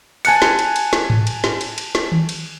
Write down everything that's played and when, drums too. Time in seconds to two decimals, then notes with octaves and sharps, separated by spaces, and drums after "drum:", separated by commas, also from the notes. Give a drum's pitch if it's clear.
0.25 G#5 A5 F#6 C#7, drum: cymbal
0.42 drum: snare
0.59 drum: cymbal
0.76 drum: cymbal
0.93 drum: snare
1.10 drum: tom G#2
1.27 drum: cymbal
1.44 drum: snare
1.61 drum: cymbal
1.78 drum: cymbal
1.95 drum: snare
2.12 drum: tom D#3
2.29 drum: cymbal